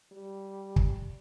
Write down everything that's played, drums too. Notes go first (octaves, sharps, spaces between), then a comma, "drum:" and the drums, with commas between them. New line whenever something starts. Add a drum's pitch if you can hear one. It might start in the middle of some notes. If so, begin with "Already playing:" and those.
G3
drum: kick